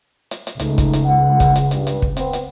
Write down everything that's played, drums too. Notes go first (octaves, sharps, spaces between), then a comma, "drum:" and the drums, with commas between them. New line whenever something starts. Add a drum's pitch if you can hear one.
drum: hi-hat
drum: hi-hat
C#2 A3 D#4, drum: hi-hat
drum: kick, hi-hat
drum: hi-hat
F#5
drum: kick, hi-hat
drum: hi-hat
G2, drum: hi-hat
drum: hi-hat
drum: kick
B3 C4, drum: hi-hat
drum: hi-hat